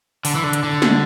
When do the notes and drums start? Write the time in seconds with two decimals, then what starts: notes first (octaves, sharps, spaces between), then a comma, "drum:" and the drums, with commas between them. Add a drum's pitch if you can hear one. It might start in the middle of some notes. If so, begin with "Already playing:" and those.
0.25 D3, drum: open hi-hat
0.35 E3
0.44 D3
0.53 drum: hi-hat
0.63 D3
0.82 drum: snare